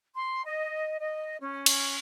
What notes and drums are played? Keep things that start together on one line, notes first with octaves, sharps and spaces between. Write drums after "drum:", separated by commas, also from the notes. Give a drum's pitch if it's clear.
C6
D#5
D#5
C#4
drum: cymbal